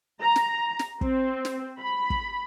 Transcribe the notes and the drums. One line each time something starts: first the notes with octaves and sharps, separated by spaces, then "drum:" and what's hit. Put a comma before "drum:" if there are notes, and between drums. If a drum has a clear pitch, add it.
A#5
drum: snare
drum: snare
C4, drum: kick
drum: snare
B5
drum: kick